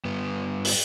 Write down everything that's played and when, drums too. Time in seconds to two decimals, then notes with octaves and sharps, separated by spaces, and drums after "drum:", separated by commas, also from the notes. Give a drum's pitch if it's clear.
0.05 G2 B3
0.65 drum: open hi-hat